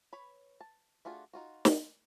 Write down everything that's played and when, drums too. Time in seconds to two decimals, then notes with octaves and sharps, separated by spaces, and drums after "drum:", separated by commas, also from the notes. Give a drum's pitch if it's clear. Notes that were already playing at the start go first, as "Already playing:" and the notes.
0.13 B4 C#5 B5
0.61 A5
1.05 A3 D4 F4 F#4 G#4
1.33 D#4 F4 F#4
1.65 drum: snare